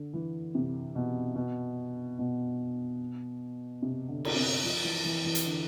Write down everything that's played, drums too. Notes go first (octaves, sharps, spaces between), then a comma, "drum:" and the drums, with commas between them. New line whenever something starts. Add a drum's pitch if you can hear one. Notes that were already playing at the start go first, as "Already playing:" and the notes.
Already playing: D3
E3
C3
B2
B2
B2
C3
D3
drum: cymbal
C3
F3
E3
E3
E3
drum: hi-hat
D3